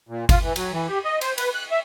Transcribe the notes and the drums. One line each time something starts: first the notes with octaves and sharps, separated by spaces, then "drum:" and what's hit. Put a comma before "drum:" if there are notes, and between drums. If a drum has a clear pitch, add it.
A#2
F4, drum: kick G1, cymbal
E3
F#3, drum: cymbal
E3
G4
D#5
C5, drum: cymbal
B4, drum: cymbal
F#6
E5